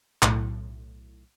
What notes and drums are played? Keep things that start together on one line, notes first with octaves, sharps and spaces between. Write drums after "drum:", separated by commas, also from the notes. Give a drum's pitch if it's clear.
B1 A2, drum: clap